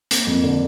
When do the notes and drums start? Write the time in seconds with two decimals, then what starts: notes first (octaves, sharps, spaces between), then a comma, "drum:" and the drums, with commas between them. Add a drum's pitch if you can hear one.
0.11 A#3, drum: hi-hat
0.27 F2
0.43 D3